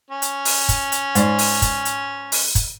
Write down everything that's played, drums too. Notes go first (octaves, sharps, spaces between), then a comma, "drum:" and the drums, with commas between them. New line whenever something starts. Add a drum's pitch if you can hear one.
C#4
drum: hi-hat
drum: open hi-hat
drum: kick, hi-hat
drum: hi-hat
G#2 D5, drum: hi-hat
drum: open hi-hat
drum: kick, hi-hat
drum: hi-hat
drum: open hi-hat
drum: kick, hi-hat